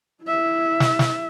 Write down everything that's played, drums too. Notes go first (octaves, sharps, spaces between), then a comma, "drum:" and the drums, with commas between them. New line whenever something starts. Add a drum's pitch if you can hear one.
E4 E5
drum: snare
drum: snare